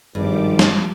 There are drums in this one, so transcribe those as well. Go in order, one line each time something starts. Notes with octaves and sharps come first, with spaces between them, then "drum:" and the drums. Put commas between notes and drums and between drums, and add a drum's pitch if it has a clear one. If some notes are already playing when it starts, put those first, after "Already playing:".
G#1 G2 F3 G3 D6
drum: snare